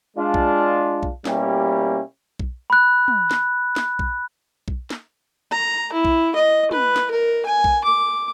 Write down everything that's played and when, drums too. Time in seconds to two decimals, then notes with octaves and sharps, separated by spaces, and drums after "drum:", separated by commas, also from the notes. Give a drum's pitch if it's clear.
0.17 G#3 D4 F4
0.34 drum: kick B1
1.03 drum: kick B1
1.25 B2 G3 A#3 C#4 E4 G4, drum: snare
2.39 drum: kick B1
2.70 B5 F#6
3.08 drum: tom
3.31 drum: snare
3.76 drum: snare
3.99 drum: kick B1
4.68 drum: kick B1
4.90 drum: snare
5.52 A#5
5.93 E4
6.05 drum: kick B1
6.35 D#5
6.71 B4, drum: tom
6.96 drum: snare
7.11 A#4
7.46 G#5
7.64 drum: kick B1
7.84 D6